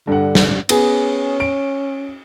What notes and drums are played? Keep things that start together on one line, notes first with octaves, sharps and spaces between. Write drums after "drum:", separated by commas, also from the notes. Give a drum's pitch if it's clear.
G2 D3 F#5
drum: snare
B3 C#4 G#4, drum: cymbal
D7